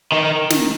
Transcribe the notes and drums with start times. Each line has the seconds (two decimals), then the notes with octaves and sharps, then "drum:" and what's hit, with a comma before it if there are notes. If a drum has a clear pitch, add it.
0.12 D#3
0.50 drum: snare